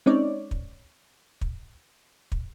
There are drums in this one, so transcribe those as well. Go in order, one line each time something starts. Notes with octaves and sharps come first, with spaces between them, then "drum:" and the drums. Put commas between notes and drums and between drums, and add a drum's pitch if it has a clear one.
G#3 C4 C#4 D#4 C#5 D5
drum: kick
drum: kick
drum: kick